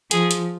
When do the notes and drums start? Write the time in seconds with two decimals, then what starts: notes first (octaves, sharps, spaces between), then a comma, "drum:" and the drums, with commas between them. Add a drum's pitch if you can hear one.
0.11 F3 G#4, drum: hi-hat
0.31 drum: hi-hat